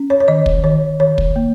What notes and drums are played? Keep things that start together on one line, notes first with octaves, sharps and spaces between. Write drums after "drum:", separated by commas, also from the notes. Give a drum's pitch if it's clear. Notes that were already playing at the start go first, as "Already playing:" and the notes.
Already playing: C#4
C#5
C#5
D#3 D#5
drum: kick
D#3 C#5
D#3 C#5
drum: kick
A#3